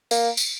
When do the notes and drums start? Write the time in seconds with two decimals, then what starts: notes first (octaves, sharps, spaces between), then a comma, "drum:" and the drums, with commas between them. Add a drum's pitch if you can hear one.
0.11 A#3, drum: tambourine
0.37 drum: tambourine